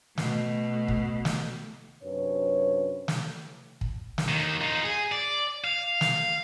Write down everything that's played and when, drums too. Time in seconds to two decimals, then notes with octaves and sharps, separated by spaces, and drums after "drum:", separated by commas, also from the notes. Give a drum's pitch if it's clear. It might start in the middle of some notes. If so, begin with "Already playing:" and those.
0.18 B2 A3, drum: snare
0.88 drum: kick
1.25 drum: snare
2.03 F#2 C3 D4 B4 C#5
3.08 drum: snare
3.81 drum: kick
4.18 drum: snare
4.28 D#2 D#3
4.61 D#4 F4
4.84 G#4
5.12 D5
5.64 F5
6.01 drum: snare